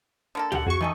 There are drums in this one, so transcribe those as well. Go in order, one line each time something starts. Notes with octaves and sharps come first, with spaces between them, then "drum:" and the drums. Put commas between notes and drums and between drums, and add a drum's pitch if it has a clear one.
D3 A#3 A4
G4 F5 F#5, drum: tom
F2 F#4 G#4 C#6
D#3 E3 G3 A4 D#5 G#5